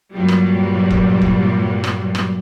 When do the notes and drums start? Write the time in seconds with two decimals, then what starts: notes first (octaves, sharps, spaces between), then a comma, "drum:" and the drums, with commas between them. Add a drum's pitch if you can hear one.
0.13 G2 A#2 F#3 G3
0.28 drum: rim click
0.91 drum: kick F1
1.22 drum: kick F1
1.84 drum: rim click
2.15 drum: rim click